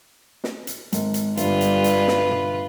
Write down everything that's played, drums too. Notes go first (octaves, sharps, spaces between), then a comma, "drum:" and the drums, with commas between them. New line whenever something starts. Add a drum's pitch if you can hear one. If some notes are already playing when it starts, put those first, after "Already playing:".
drum: snare
drum: hi-hat
G#1, drum: hi-hat
drum: hi-hat
G1 G3 F4 B4, drum: hi-hat
drum: hi-hat
drum: hi-hat
drum: snare
drum: tom